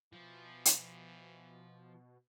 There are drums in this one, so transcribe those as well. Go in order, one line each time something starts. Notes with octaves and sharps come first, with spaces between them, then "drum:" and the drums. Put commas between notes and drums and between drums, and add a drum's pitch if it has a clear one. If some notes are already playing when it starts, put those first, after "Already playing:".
B2 E3 F3
drum: hi-hat